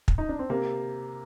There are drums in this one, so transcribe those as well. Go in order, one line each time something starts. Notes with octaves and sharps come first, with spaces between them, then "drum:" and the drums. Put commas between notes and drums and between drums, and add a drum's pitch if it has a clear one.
drum: kick
D#4
D4
C4
C3 A#3